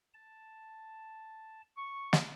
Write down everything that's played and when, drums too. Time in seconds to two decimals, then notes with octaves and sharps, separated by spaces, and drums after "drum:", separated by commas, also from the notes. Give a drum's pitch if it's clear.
0.14 A5
1.77 C#6
2.13 drum: snare